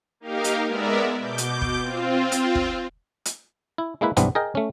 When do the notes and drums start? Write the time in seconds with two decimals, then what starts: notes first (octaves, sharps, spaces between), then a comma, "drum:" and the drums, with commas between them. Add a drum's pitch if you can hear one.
0.20 A#3 D#4 G4 A#4 F5
0.44 drum: hi-hat
0.68 G#3 B3 A#4 D5 E5
1.17 B2 D6 G6
1.38 drum: hi-hat
1.61 drum: kick
1.80 C4 F4
2.32 drum: hi-hat
2.55 drum: kick
3.25 drum: hi-hat
3.78 E4
4.01 G#3 A#3 E4 B4
4.17 B1 G2 E3 B3 C4 D4, drum: hi-hat
4.35 G#4 A#4 D#5 G5
4.55 A3 C#4